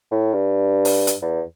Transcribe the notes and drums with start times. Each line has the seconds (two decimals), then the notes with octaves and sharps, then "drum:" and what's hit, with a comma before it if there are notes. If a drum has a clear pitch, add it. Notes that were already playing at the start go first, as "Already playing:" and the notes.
0.11 A2
0.34 G2
0.85 drum: open hi-hat
1.07 drum: hi-hat
1.22 E2